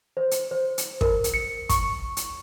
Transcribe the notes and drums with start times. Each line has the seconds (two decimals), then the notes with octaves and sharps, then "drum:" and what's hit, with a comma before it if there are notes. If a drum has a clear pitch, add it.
0.17 C5
0.31 drum: hi-hat
0.51 C5
0.78 drum: hi-hat
1.01 A#4, drum: kick
1.24 drum: hi-hat
1.34 C#7
1.69 C#6, drum: kick, hi-hat
2.17 drum: hi-hat